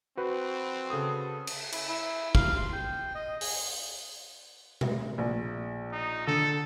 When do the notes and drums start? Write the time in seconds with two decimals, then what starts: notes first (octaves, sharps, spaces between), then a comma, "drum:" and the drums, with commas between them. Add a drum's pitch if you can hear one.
0.17 C4 F#4 B4 C5
0.90 C#3 A4 D#6
1.47 drum: cymbal
1.73 E4, drum: cymbal
1.89 E4
2.35 F5, drum: kick
2.56 C6
2.73 G5
3.15 D#5
3.41 G#4, drum: open hi-hat
4.81 drum: tom B2
5.18 A#1
5.92 D#4
6.27 D3 A4